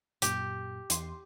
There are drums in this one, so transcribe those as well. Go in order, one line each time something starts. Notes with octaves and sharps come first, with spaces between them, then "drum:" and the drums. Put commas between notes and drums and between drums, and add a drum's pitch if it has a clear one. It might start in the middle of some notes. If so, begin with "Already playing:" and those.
F#2 A#2 G4, drum: hi-hat
E2 C6, drum: hi-hat